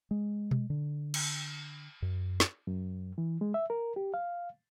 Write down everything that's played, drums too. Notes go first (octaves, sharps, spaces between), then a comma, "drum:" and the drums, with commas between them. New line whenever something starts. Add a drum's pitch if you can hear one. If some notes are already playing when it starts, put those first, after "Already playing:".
G#3
drum: tom B2
D3
drum: cymbal
F#2
drum: snare
F#2
E3
G#3
E5
A#4
G4
F5